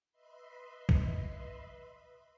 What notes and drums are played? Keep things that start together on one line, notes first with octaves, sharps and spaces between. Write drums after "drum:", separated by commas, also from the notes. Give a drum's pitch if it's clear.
B4 D#5 E5 B5 C6
drum: kick B1